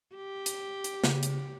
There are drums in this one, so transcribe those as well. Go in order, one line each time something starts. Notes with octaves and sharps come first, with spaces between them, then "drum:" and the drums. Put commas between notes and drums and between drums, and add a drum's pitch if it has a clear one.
G4
drum: hi-hat
drum: hi-hat
C#3, drum: snare
drum: hi-hat